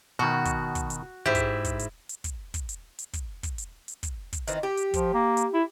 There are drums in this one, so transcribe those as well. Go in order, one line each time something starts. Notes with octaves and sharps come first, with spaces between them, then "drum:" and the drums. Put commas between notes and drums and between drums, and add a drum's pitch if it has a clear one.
B2 D#3 F#4
drum: kick, hi-hat
drum: kick, hi-hat
drum: hi-hat
G#2 E4 G4
drum: kick, hi-hat
drum: kick, hi-hat
drum: hi-hat
drum: hi-hat
drum: kick, hi-hat
drum: kick, hi-hat
drum: hi-hat
drum: hi-hat
drum: kick, hi-hat
drum: kick, hi-hat
drum: hi-hat
drum: hi-hat
drum: kick, hi-hat
drum: kick, hi-hat
D#3 E3 C4, drum: hi-hat
G4
drum: hi-hat
F3, drum: kick, hi-hat
A#3
drum: hi-hat
E4